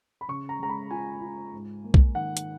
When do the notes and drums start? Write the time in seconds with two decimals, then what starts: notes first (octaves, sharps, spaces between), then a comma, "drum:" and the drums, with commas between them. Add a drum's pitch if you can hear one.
0.21 B5
0.28 C#3 C#6
0.49 A#5
0.59 G#3 A#5
0.69 B5
0.91 F4 G#5
1.21 F4
1.52 G#2
1.84 A#3
1.94 drum: kick
2.15 D#3 F#5
2.37 drum: hi-hat